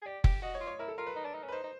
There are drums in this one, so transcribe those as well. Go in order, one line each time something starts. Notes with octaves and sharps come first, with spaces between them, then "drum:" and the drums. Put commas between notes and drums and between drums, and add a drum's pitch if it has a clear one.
G#4
G4 D5
G4, drum: kick F#1
F#4 D#5
C#5
F4
C#5
E4 A#4
A4
F4 A#4
B4
D#4
D4
D#4
C#4
B4
D#4 C5
D#4